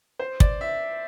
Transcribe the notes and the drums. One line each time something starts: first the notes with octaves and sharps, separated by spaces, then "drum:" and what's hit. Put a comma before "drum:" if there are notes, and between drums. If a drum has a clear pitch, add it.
C5
D5, drum: kick
E5